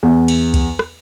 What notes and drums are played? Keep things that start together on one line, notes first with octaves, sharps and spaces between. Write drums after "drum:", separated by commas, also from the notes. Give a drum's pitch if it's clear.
E2
drum: cymbal
drum: kick C#2, cymbal
drum: rim click